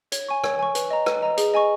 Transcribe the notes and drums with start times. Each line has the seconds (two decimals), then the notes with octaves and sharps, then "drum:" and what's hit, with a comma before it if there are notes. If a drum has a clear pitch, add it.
0.12 C#5, drum: hi-hat
0.28 G#5 C#6
0.44 C#5, drum: rim click
0.59 G#5 C#6
0.75 B4, drum: hi-hat
0.91 D#5 A#5
1.06 B4, drum: rim click
1.22 D#5 A#5
1.37 G#4, drum: hi-hat
1.54 D#5 G#5 C#6